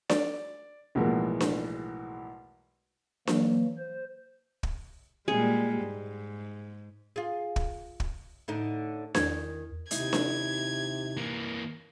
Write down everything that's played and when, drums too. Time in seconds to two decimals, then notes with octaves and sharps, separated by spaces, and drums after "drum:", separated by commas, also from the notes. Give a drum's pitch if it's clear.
0.10 D5, drum: snare D4
0.95 B1 E2 A2 F3 G#3 A#3
1.40 drum: snare D4
3.27 E3 F#3 A#3, drum: snare D4
3.78 C5
4.63 drum: kick
5.28 A#2 G3 G#3 G#4
5.83 G#2
7.16 F4 G#4
7.56 drum: kick
8.00 drum: kick
8.48 A2 D3 D#4
9.15 E2 D#3 G#6, drum: snare D4
9.91 D#2 C3 D#4 E4 G#6, drum: hi-hat
10.13 drum: snare D4
11.17 E3 A#3